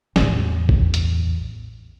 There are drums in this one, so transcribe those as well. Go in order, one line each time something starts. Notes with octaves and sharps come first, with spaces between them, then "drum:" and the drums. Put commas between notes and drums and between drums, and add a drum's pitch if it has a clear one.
A1 E2, drum: snare
drum: kick
drum: hi-hat